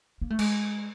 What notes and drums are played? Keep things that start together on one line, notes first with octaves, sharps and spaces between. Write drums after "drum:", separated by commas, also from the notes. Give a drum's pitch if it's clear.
A#3
A3
G#3, drum: cymbal